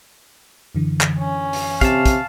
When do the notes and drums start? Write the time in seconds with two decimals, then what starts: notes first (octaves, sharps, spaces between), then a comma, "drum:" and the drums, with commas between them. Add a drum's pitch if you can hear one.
0.75 F#2 D3 E3
1.01 drum: clap
1.19 C#4
1.53 drum: open hi-hat
1.81 C3 F5 A5, drum: kick, hi-hat
2.06 drum: kick, hi-hat